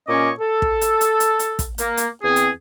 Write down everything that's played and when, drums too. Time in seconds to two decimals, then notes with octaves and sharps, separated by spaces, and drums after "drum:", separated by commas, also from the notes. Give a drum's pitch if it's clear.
0.07 A#2 C#4 C#5 D#5 D6
0.39 A4
0.62 drum: kick
0.81 drum: hi-hat
1.01 drum: hi-hat
1.20 drum: hi-hat
1.39 drum: hi-hat
1.59 drum: kick, hi-hat
1.78 A#3, drum: hi-hat
1.97 drum: hi-hat
2.23 E2 C4 G#4
2.36 drum: hi-hat